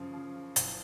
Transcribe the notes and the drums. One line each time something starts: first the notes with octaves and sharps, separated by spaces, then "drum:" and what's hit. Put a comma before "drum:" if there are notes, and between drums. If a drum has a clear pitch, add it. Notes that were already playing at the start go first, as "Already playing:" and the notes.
Already playing: F#2 C#3 F3
F3
C#3
F#1, drum: hi-hat